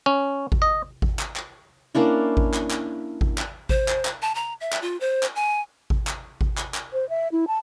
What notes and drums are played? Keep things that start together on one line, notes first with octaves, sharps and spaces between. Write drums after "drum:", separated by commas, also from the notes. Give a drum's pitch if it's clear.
C#4
drum: kick G#1
D#5
drum: kick G#1
drum: clap
drum: clap
A#3 C#4 D4 E4
drum: kick G#1
drum: clap
drum: clap
drum: kick G#1
drum: clap
C5, drum: kick G#1
drum: clap
drum: clap
A5
A#5
E5
drum: clap
F4
C5
drum: clap
G#5
drum: kick G#1
drum: clap
drum: kick G#1
drum: clap
drum: clap
C5
E5
E4
A5